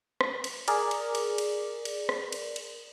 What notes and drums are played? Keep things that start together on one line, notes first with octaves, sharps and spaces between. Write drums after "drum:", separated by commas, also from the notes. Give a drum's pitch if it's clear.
drum: rim click
drum: cymbal
G#4 A#4 D5, drum: cymbal
drum: cymbal
drum: cymbal
drum: cymbal
drum: cymbal
drum: rim click
drum: cymbal
drum: cymbal